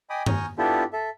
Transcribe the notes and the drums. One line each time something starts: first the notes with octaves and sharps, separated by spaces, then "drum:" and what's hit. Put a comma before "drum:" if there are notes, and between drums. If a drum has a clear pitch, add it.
D#5 G5 G#5 B5 D6 D#6
G#5 A#5 C#6 D#6 F6 G6, drum: tom G2
B3 D4 E4 F4 G4 A4
A4 E5